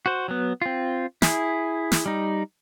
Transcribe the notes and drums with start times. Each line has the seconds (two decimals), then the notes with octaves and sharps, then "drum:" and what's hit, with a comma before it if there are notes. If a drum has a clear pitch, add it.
0.06 F#4 C5
0.28 F#3 B3
0.62 C4 F4
1.22 E4 G#4, drum: snare
1.92 drum: snare
2.06 G3 D#4